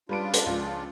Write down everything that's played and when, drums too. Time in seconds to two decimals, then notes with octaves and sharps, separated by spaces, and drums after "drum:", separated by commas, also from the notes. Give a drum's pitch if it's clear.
0.09 C#3 G3 D4 F4 B4 D7
0.34 drum: hi-hat
0.46 C#2 F3